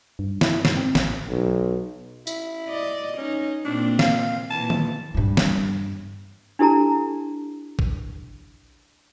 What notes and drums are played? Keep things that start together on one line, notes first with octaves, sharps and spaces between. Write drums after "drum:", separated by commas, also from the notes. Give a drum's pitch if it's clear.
G2
E4, drum: snare
G#2, drum: snare
C4
A1, drum: snare
B1
E4, drum: tambourine
D5 D#5
C#4 D#4
A#2 C4 D4
F5, drum: snare
A#2 E3 A5
drum: tom D#3
G2 G3
drum: snare
D4 E4 G4 A4 A5 A#5
drum: kick